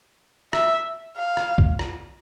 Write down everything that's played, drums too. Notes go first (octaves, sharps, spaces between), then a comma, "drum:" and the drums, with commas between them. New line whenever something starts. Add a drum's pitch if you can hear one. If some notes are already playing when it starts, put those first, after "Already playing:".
E5, drum: rim click
F5
drum: rim click
drum: kick
drum: rim click